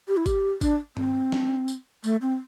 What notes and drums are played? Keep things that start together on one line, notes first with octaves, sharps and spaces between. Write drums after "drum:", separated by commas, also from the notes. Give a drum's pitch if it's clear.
G4
E4
G4, drum: kick G#1, tambourine
D4, drum: kick G#1, tambourine
C4, drum: tom G2
drum: snare
drum: tambourine
A3, drum: tambourine
C4